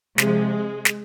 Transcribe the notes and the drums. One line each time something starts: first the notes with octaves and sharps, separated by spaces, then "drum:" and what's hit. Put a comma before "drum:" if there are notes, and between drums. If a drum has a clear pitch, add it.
C3 F3 G#3, drum: snare
drum: snare